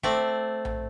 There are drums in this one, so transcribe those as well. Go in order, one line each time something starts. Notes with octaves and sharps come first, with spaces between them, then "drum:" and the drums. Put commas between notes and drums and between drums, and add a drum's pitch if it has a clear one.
A3 C4 D5, drum: kick G1
drum: tom A#1